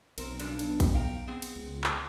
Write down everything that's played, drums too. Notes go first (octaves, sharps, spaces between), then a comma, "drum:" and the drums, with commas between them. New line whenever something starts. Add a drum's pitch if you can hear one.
B1 C4 A#4, drum: cymbal
G2 C#3 D4, drum: cymbal
drum: cymbal
drum: kick A#1, cymbal
F5 G5 A#5
B3 C4 G#4
drum: cymbal
C#2
drum: clap